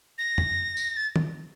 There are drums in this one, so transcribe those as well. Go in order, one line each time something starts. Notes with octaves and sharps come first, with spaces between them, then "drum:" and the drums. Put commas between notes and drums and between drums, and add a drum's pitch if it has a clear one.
A#6
drum: tom
drum: tambourine
A6
drum: tom